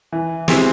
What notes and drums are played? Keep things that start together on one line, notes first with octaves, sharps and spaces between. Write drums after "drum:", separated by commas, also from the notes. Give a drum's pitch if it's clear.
E3
G#3 C4 E4 G4, drum: snare